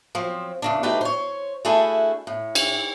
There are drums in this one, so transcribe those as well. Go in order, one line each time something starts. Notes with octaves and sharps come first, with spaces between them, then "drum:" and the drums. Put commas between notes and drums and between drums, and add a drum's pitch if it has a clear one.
F3 F#3 C4
E2 C#3 D4
F#3 A3 D4 D#4 G4 B4
C5 C#5
A3 D4 E4 F#4 G#4 A4
A2
drum: cymbal